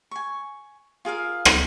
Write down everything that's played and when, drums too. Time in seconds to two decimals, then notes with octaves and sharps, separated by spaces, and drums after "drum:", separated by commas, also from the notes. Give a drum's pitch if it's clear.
0.11 G#5 C#6
1.05 F4 G#4 A#4 F5
1.45 drum: rim click